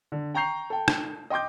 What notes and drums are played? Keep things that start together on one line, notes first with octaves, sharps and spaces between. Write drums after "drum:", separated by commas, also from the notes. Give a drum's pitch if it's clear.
D3
G5 A#5 C#6 G6 C7 F7
A4 G5
drum: rim click
D#5 G5 C6 D6 G6